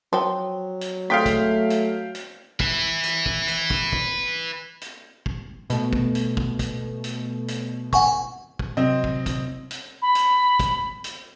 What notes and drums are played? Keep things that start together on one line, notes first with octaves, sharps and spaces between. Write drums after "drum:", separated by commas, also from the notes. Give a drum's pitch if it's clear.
F3 F#3 G5
drum: hi-hat
G#3 A3 C4 F4 F5 G5 B6
drum: kick, hi-hat
drum: hi-hat
drum: hi-hat
B4 E5, drum: kick
drum: hi-hat
drum: kick
drum: hi-hat
drum: kick
drum: kick
drum: hi-hat
drum: kick
B2 A3, drum: hi-hat
drum: kick
drum: hi-hat
drum: kick
drum: kick, hi-hat
drum: hi-hat
drum: hi-hat
F#5 G#5 C#6, drum: kick, hi-hat
drum: kick
C3 F#3 C4 D#5
drum: kick
drum: kick, hi-hat
drum: hi-hat
B5
drum: hi-hat
drum: kick, hi-hat
drum: hi-hat